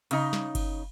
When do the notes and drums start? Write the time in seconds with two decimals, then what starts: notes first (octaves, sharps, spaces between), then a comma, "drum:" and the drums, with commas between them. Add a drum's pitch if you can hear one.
0.11 C#3 D#4, drum: cymbal
0.33 drum: snare
0.55 drum: kick G1, cymbal